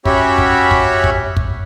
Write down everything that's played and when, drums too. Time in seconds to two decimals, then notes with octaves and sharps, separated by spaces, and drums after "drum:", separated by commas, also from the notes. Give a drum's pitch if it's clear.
0.05 C#4 F#4 G4 C#5 E5 B5, drum: kick
0.38 drum: kick
0.71 drum: kick
1.04 drum: kick
1.37 drum: kick